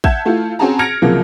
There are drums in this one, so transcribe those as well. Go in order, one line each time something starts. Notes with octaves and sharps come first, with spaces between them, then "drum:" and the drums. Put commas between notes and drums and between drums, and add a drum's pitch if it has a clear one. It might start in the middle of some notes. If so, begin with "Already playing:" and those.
E5 F#5 A5 G6 G#6 E7, drum: kick
A3 E4 F4
C4 C#4 F#4 G#4 A5 A#5
F6 G#6 A#6 C#7 D7 F7
C2 C#3 F3 F#3 A#3